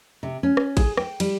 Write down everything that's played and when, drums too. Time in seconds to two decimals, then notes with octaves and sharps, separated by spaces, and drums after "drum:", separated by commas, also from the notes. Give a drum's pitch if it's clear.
0.23 C3
0.43 C#4
0.57 drum: rim click
0.77 G#4, drum: kick A1, cymbal
0.97 G5, drum: rim click
1.20 G3, drum: cymbal